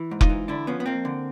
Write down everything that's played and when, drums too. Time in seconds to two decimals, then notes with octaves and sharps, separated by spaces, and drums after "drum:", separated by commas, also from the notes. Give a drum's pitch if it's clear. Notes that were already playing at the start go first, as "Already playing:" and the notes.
Already playing: E3
0.11 G#2
0.21 D#4 F4, drum: kick F1
0.29 E3
0.48 D3 D4 E4
0.67 F3 B3 C#4
0.80 B3
0.86 F2 A#3 C4
1.05 D3